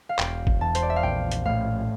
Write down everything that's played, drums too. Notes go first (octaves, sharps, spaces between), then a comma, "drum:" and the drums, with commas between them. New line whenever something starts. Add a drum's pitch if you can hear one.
F5
E1 G5, drum: clap
drum: kick
E2 A5
C5, drum: hi-hat
D5
E5
F5
A#1 G5
drum: hi-hat
A2 F5